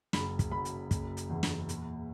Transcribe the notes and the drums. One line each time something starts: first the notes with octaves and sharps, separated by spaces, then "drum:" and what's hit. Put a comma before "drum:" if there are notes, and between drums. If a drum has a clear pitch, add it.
F#1 B5, drum: snare
drum: kick, hi-hat
F#2 B5
drum: hi-hat
F#1, drum: kick, hi-hat
drum: hi-hat
E2
drum: snare
A#2, drum: hi-hat